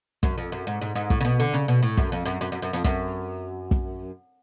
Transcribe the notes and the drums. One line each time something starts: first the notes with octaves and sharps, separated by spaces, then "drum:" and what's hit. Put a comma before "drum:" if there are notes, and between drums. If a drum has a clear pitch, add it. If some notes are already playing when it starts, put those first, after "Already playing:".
F#2, drum: kick
F2
F#2
G#2
G#2
G#2
A2, drum: kick
C#3
B2
D3
C#3
B2
A2
F#2, drum: kick
F2
F#2
F#2
F#2
F#2
F2
F#2, drum: kick
drum: kick